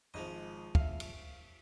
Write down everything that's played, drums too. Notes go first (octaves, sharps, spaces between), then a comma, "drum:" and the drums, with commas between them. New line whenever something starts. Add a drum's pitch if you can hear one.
G#1 F3 G#3 D#5
E5 F5, drum: kick
drum: cymbal